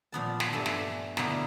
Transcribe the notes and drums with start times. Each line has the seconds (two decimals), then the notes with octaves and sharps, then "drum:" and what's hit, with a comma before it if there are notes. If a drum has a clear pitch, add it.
0.12 A#2 F3 B3 A5
0.40 drum: snare
0.53 G2 A3 A4 G#5
0.66 drum: snare
1.17 B2 D3 A#3 B3 E4, drum: snare